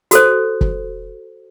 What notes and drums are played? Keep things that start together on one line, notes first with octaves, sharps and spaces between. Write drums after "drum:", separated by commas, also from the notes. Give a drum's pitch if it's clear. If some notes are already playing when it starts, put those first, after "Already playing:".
F#4 A4 C5, drum: hi-hat
drum: kick